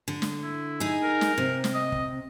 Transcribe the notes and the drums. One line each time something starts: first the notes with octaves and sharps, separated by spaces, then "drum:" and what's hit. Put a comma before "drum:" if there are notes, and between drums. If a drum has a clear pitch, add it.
D3
drum: snare
E4
D#4 G#4
A#4
drum: snare
C3
drum: snare
D#5
drum: kick